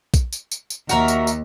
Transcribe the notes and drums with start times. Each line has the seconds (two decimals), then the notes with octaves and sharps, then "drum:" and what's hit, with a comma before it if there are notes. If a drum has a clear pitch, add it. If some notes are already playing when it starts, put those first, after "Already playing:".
0.14 drum: kick, tambourine
0.33 drum: tambourine
0.51 drum: tambourine
0.70 drum: tambourine
0.89 D#2 F#4 A#4 E5, drum: tambourine
1.08 drum: tambourine
1.27 drum: tambourine